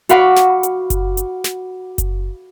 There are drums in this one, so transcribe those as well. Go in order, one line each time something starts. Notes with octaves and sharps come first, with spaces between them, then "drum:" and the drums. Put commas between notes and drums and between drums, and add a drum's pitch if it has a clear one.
F#4 F5 F#5 B5 C#6 D6, drum: hi-hat
drum: snare
drum: hi-hat
drum: kick F#1, hi-hat
drum: hi-hat
drum: snare
drum: kick F#1, hi-hat